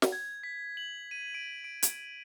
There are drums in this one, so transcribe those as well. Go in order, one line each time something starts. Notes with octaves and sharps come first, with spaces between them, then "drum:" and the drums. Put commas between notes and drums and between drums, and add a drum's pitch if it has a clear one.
drum: snare
G#6
B6
F#7
D#7
D7
D7
drum: hi-hat